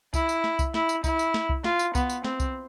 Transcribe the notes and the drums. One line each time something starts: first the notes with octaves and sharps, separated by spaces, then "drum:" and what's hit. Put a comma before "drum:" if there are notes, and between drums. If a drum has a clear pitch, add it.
E4, drum: kick C2, tambourine
drum: tambourine
drum: snare
drum: kick C2, tambourine
E4, drum: snare
drum: tambourine
E4, drum: kick C2, tambourine
drum: tambourine
drum: snare
drum: kick C2
F4, drum: snare
drum: tambourine
B3, drum: kick C2, tambourine
drum: tambourine
C4, drum: snare
drum: kick C2, tambourine